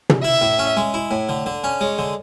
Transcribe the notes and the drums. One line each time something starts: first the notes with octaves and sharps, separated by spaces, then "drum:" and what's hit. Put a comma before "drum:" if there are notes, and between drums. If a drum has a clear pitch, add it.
drum: tom
E4 E5
A2
C#4
G#3
E4
A2
D3
D3
C#4
G#3 C#5
D3